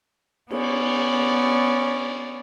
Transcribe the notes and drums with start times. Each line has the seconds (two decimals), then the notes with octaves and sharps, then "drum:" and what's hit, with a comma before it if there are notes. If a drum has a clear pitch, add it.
0.50 B3 C#4 D5, drum: cymbal